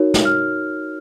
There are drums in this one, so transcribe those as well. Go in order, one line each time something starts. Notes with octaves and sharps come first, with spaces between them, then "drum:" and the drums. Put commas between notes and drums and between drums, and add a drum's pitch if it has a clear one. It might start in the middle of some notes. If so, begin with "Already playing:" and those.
Already playing: D#4 F#4 A#4 C#5
drum: snare
F6